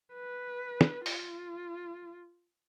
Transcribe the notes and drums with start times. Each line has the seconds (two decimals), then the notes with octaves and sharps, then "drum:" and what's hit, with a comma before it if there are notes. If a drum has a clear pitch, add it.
0.14 B4
0.81 drum: snare
1.06 F4, drum: open hi-hat